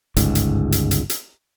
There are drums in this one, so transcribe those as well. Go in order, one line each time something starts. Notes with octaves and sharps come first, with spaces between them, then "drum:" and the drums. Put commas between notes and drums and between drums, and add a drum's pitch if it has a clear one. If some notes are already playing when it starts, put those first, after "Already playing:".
G1 C#2 G#2, drum: hi-hat
drum: hi-hat
drum: hi-hat
drum: hi-hat
drum: hi-hat